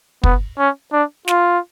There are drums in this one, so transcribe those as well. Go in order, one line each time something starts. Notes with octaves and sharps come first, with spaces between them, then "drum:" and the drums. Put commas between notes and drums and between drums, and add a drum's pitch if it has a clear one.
B3, drum: kick
C#4
D4
F4, drum: snare